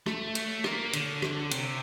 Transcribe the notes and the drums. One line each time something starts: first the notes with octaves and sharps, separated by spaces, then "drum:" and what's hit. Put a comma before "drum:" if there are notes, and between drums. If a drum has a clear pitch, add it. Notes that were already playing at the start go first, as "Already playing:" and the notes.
A3, drum: rim click
drum: cymbal
A#3, drum: rim click
D3, drum: cymbal
drum: rim click
C3, drum: cymbal